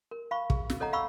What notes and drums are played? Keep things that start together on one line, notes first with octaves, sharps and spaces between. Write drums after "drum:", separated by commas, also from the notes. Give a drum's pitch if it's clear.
A#4
F5 B5 C#6
G#4, drum: kick
drum: snare
A4 C#5 D#5 F#5 A#5
F5 F#5 B5 C#6 E6